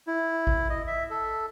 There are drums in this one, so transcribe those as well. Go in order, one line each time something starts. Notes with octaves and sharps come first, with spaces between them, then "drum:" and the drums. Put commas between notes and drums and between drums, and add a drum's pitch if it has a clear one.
E4
drum: kick G#1
D#5
E5
A4